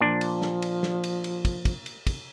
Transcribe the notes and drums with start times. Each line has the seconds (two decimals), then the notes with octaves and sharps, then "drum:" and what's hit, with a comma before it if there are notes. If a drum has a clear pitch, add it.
0.01 A#2 F3 D4
0.21 drum: cymbal
0.42 drum: snare
0.62 drum: cymbal
0.83 drum: snare
1.04 drum: cymbal
1.24 drum: cymbal
1.45 drum: kick, cymbal
1.65 drum: kick, cymbal
1.86 drum: cymbal
2.07 drum: kick, cymbal